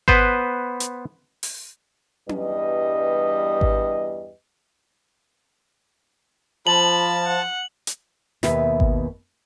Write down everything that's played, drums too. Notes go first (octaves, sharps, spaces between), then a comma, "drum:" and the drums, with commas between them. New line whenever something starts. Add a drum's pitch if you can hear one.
B3 B4 C5, drum: kick G#1
drum: hi-hat
drum: open hi-hat
E2 G2 G3 B4 D#5, drum: tom C#4
drum: kick G#1
F3 A5 B5 F#7
F#5
drum: hi-hat
D#2 B2 G4 B4 E5, drum: snare
drum: kick G#1